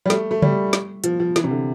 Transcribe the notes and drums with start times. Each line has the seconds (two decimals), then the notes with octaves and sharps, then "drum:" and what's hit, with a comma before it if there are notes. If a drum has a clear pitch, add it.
0.06 G3
0.10 A3, drum: snare
0.31 A3
0.42 G3, drum: tom C#3
0.73 drum: snare
1.04 F3, drum: hi-hat
1.20 F3
1.36 E3, drum: snare
1.44 C3
1.51 D3